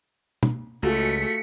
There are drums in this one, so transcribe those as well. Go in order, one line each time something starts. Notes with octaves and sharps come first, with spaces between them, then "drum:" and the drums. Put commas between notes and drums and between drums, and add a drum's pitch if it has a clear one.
drum: tom
C#2 A3 F4 F#4 G#4 B6 C#7